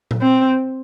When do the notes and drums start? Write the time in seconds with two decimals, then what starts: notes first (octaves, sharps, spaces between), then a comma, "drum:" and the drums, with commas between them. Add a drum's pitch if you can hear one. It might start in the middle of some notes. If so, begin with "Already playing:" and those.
0.11 drum: tom A#2
0.21 C4